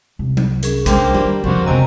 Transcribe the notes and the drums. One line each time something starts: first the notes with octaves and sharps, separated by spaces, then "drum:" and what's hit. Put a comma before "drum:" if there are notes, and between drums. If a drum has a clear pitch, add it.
C2
drum: tom F#3
C#4 G#4 A#4, drum: hi-hat
G#3 A#3 D4 C5 G5, drum: kick, hi-hat
D#3 G3
F2 C#3 A#3 D4 F#4 G4 C5
C3 B3 C4 D#5 G#5 A#5